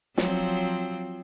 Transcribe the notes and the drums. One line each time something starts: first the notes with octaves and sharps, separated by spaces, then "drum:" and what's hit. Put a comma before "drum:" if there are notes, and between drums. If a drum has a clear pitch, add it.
F3 F#3 C4, drum: snare